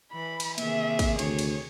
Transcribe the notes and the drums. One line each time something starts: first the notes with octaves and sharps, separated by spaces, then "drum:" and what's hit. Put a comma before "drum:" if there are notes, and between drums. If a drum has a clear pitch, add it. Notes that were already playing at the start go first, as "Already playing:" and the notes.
E3 B5
drum: cymbal
C3 D#3 A#3 G#4 E5, drum: cymbal
drum: kick, cymbal
D2 C#5, drum: cymbal
drum: cymbal